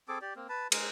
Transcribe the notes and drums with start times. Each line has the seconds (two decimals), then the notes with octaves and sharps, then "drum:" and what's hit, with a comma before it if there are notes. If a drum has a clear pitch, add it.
0.08 C4 G#4 A4 D6
0.21 G4 D5
0.36 A#3 C4
0.49 B4 A5
0.72 G#3 A#4, drum: cymbal